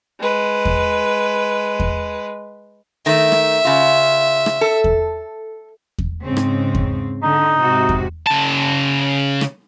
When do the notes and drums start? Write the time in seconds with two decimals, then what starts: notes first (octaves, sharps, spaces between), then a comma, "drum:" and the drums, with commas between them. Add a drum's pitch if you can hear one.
0.19 G#3 B4
0.65 drum: kick E2
1.80 drum: kick E2
3.06 D#3 A3 E5
3.32 drum: rim click
3.65 C#3 F4
4.46 drum: rim click
4.61 A4
4.84 drum: kick E2
5.98 drum: kick E2
6.23 G#2 C#3 C4
6.37 drum: rim click
6.75 drum: kick E2
7.23 D3 D#4
7.59 G#2 C3 F#4
7.89 drum: kick E2
8.27 C#3 A5
9.41 drum: rim click